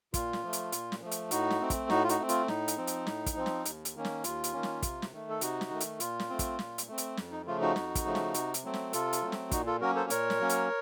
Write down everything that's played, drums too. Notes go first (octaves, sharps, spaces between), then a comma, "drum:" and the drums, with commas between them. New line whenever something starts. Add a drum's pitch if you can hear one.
A#2 F4, drum: kick, hi-hat
drum: snare
F3 A3
drum: hi-hat
A#2, drum: hi-hat
drum: snare
F3 A3
drum: hi-hat
A2 D#4 F#4, drum: hi-hat
drum: snare
A3 C4
drum: kick, hi-hat
A2 D#4 F#4, drum: snare
F4
D#4 F#4, drum: hi-hat
A3 C4
F4, drum: hi-hat
A2 D#4, drum: snare
drum: hi-hat
F3 C4
drum: hi-hat
A2, drum: snare
drum: kick, hi-hat
F3 C4
drum: snare
D#2, drum: hi-hat
drum: hi-hat
D#3 A#3 C#4
drum: snare
D#2 F4, drum: hi-hat
drum: hi-hat
D#3 A#3 C#4
drum: snare
C3, drum: kick, hi-hat
drum: snare
D#3 A3
A4
C3 D#4 F#4, drum: hi-hat
drum: snare
D#3 A3
drum: hi-hat
A#2 F4, drum: hi-hat
drum: snare
A3 C4
drum: kick, hi-hat
A#2, drum: snare
drum: hi-hat
A3 C4
drum: hi-hat
F2, drum: snare
D#4
C#3 F3 A3 F4
D#4 F#4
F2, drum: snare
drum: kick, hi-hat
C#3 F3 A3
drum: snare
C3, drum: hi-hat
drum: hi-hat
F#3 A3 C4
drum: snare
C3 F4 A4, drum: hi-hat
drum: hi-hat
F#3 A3 C4
drum: snare
A#2 D#4 F#4, drum: kick, hi-hat
F4 A4
F#3 A#3 C#4 F#4 A#4
A4 C5
A#2 A#4 C#5, drum: hi-hat
drum: snare
F#3 A#3 C#4
drum: hi-hat